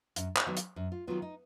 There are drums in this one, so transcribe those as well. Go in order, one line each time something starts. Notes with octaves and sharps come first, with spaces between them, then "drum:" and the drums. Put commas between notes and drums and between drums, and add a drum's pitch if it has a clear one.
F#2, drum: hi-hat
drum: clap
D#3 F#3 B3
drum: hi-hat
F#2
F4
D#3 F#3 B3 F4
D#4